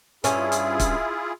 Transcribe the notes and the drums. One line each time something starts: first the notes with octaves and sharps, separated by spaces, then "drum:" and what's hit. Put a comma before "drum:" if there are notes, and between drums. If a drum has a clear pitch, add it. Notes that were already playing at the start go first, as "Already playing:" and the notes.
G2 C#4 E4 F4 G#4 E5, drum: hi-hat
drum: hi-hat
drum: kick, hi-hat